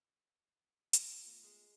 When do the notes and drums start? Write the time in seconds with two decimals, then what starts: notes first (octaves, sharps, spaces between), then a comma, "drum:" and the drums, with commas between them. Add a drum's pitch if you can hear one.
0.93 drum: hi-hat
1.24 A3 B3 F4
1.43 G#3